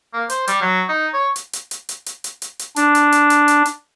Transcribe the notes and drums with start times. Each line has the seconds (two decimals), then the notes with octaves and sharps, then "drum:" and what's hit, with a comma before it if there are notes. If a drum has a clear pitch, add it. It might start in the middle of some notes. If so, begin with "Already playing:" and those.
0.14 A#3
0.30 C5, drum: hi-hat
0.48 G3, drum: hi-hat
0.62 F#3
0.89 D#4
1.13 C#5
1.36 drum: hi-hat
1.53 drum: hi-hat
1.71 drum: hi-hat
1.89 drum: hi-hat
2.06 drum: hi-hat
2.24 drum: hi-hat
2.42 drum: hi-hat
2.59 drum: hi-hat
2.76 D4, drum: hi-hat
2.95 drum: hi-hat
3.12 drum: hi-hat
3.30 drum: hi-hat
3.48 drum: hi-hat
3.66 drum: hi-hat